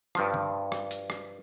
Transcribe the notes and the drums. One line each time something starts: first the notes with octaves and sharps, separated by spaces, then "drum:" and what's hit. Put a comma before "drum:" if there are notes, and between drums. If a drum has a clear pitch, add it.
G2 F3, drum: rim click
drum: tom D3
drum: rim click
drum: hi-hat
drum: rim click